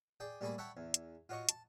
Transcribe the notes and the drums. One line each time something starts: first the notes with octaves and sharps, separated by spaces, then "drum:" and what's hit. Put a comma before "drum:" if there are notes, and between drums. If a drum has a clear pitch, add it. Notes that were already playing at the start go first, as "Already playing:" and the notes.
G#4 D5 G5
G3 A3 A#3 G#4 D5 B5
C#5 E5 F#5 G5 A5 B5
E2
drum: hi-hat
F4 F#4 C#5 D#5 C#6
A5, drum: hi-hat